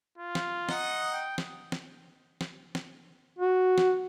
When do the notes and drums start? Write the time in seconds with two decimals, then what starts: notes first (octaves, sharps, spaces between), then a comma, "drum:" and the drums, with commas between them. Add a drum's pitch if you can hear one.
0.18 F4
0.35 drum: snare
0.69 D#4 D#5 F#5, drum: snare
1.13 G5
1.38 drum: snare
1.72 drum: snare
2.41 drum: snare
2.75 drum: snare
3.39 F#4
3.78 drum: snare